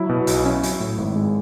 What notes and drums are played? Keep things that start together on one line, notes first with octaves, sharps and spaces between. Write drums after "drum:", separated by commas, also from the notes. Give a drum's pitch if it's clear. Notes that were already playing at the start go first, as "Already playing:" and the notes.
Already playing: F#3 E4
B2
B1, drum: hi-hat
C#4
F#3, drum: hi-hat
A2
G#1
G#3